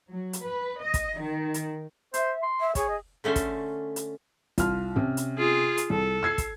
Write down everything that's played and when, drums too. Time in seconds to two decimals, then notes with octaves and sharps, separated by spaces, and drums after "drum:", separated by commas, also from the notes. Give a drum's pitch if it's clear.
0.11 F#3
0.33 drum: hi-hat
0.44 B4
0.82 D#5
0.94 drum: kick, hi-hat
1.19 D#3
1.54 drum: hi-hat
2.14 C5 E5, drum: hi-hat
2.42 C6
2.60 E5
2.75 G#4 C#5, drum: kick, hi-hat
2.88 D#5
3.24 D3 A3 C#4 C5
3.36 drum: kick, hi-hat
3.96 drum: hi-hat
4.58 C2 F4 F6, drum: kick, hi-hat
4.96 C3 C#4
5.17 drum: hi-hat
5.38 F4 G#4
5.78 drum: hi-hat
5.90 C2 A4
6.23 E6 G#6 C7
6.38 drum: kick, hi-hat